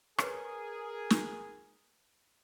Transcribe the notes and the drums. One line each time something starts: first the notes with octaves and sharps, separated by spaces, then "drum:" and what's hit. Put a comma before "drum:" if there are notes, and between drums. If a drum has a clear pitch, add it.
G#4 A#4 B4 C#5, drum: rim click
drum: snare